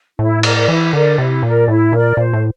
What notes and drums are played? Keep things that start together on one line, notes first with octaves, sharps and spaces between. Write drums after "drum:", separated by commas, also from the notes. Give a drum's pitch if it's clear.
A2 E4
A#4 D5, drum: cymbal
E3 E4
D3 A#4 D5
C3 E4
A#2 A#4 D5
A2 E4
A#2 A#4 D5
A#2 C5
A2